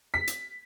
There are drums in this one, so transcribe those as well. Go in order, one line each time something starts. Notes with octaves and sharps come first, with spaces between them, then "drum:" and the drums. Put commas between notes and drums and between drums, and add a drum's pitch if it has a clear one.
B6
drum: hi-hat